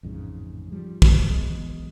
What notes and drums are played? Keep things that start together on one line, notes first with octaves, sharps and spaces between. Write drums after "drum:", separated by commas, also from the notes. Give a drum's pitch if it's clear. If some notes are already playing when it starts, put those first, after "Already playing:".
A1 F2 G#2 C#3
F3 G3
A1 G2, drum: kick
E3 F#3 G#3 B3